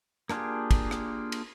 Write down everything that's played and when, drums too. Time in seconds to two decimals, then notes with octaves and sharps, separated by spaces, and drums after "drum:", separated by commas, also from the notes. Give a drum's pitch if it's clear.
0.29 A#3 D4 F4 G4 G#4, drum: rim click
0.71 drum: kick, cymbal
0.91 drum: rim click
1.32 drum: cymbal